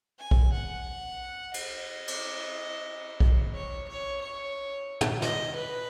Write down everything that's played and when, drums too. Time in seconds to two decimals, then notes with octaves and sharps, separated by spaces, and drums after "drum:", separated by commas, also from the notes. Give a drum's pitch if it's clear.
0.19 G#5
0.31 drum: kick B1
0.52 F#5
1.54 D#5, drum: cymbal
2.07 drum: cymbal
3.20 drum: kick B1
3.54 C#5
3.88 C#5
4.22 C#5
5.01 drum: tom
5.22 D#5, drum: snare
5.55 B4